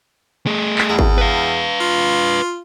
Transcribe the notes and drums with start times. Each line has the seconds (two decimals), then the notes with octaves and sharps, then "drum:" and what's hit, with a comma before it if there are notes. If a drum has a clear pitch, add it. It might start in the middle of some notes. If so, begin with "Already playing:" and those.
0.46 A3 G#4
0.78 drum: clap
0.89 E2
0.99 drum: kick G#1
1.18 B4 F5
1.80 F4